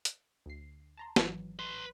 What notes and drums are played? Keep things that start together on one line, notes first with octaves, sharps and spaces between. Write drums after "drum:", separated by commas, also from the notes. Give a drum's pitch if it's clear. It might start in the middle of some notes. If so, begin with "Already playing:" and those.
drum: hi-hat
D2 C7
A5 A#5 C6
G#1 E3 F#3, drum: snare
B4 C6